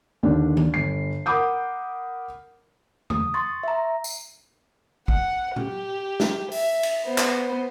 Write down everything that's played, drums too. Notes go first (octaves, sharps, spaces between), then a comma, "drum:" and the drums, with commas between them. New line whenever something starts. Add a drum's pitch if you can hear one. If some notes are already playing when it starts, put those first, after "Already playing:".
D#2 D3 D4
drum: tom D#3
G1 C7
A#4 F#5 B5 D6 D#6 G6
D#6, drum: tom E2
C6 C#6 A6
E5 A#5
drum: tambourine
F#5, drum: kick
G4, drum: tom A#2
drum: snare
E5, drum: open hi-hat
drum: cymbal
B3 C5
drum: clap